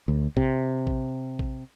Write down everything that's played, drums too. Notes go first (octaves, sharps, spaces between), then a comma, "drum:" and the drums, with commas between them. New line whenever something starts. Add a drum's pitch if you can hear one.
D2
C3, drum: kick A#1
drum: kick A#1
drum: kick A#1